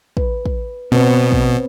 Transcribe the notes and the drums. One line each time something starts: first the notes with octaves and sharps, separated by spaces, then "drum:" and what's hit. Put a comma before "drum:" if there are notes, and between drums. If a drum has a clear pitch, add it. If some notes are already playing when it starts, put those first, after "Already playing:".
B4, drum: kick
drum: kick
B2 B3 C4 B4 C#5
drum: kick